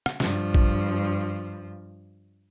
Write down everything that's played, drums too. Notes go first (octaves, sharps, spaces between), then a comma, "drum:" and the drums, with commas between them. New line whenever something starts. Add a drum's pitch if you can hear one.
drum: rim click
G2 F3, drum: snare
drum: kick A1